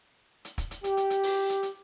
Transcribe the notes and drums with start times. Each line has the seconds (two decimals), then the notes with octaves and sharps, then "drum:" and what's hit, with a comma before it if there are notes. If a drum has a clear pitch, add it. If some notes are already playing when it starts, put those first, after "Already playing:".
0.45 drum: hi-hat
0.58 drum: kick, hi-hat
0.71 drum: hi-hat
0.84 G4, drum: hi-hat
0.97 drum: hi-hat
1.10 drum: hi-hat
1.23 drum: open hi-hat
1.50 drum: hi-hat
1.63 drum: hi-hat